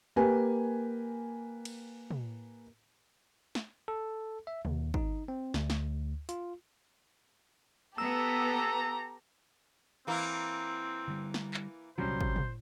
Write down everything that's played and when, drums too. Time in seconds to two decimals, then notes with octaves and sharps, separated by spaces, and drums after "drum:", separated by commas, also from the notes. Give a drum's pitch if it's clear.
0.16 A#3 G4 B4 G#5
1.65 drum: cymbal
2.11 drum: tom
3.55 drum: snare
3.88 A4
4.47 E5
4.65 D#2, drum: tom
4.94 D#4, drum: kick
5.28 C4
5.54 D2, drum: snare
5.70 drum: snare
6.29 F4, drum: hi-hat
7.98 B3 G4 A4 A#5 E6
10.07 E3 A#3 C4 E4
11.08 D3 G3
11.34 drum: snare
11.54 drum: clap
11.98 C2 A#2 C#3 F#3 G3 C#4 C5
12.21 drum: kick
12.36 drum: tom